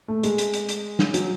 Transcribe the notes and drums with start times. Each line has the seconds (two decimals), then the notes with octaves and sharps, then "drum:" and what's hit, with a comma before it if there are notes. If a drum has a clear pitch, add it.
0.08 A3
0.23 G#3, drum: hi-hat
0.38 drum: hi-hat
0.53 drum: hi-hat
0.69 drum: hi-hat
0.99 drum: snare
1.14 F#3, drum: hi-hat